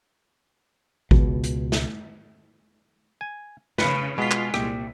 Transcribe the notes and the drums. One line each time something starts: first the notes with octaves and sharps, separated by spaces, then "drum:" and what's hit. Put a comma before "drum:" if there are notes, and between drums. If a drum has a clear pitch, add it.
C#2 B2, drum: kick G#1
drum: hi-hat
drum: snare
G#5
C#3 B4 F5 B5 C#7, drum: snare
B2 G#3 F4 B6
drum: clap
C2 A#2 G4, drum: rim click